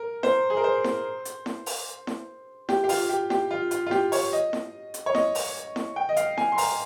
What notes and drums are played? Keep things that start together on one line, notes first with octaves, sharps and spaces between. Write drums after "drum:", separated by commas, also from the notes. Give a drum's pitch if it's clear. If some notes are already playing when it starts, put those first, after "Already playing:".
Already playing: A#4
C5, drum: snare E4
G#4
A#4
C5
drum: snare E4
drum: hi-hat
drum: snare E4
drum: open hi-hat
drum: snare E4
G4, drum: snare E4
G4
F4, drum: open hi-hat
G4
G4, drum: snare E4
F4
F4, drum: hi-hat
F4
G4, drum: snare E4
C#5, drum: open hi-hat
D#5
drum: snare E4
drum: hi-hat
C#5
D#5, drum: snare E4
drum: open hi-hat
drum: snare E4
G5
D#5
F5, drum: hi-hat
G#5, drum: snare E4
C6
A#5, drum: open hi-hat